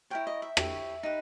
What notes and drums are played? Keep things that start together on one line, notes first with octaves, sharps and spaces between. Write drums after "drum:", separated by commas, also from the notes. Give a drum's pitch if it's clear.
E4 A#4 C#5 G5
D#5
E5
E4 G4 C#5, drum: rim click
D#4 G4 B4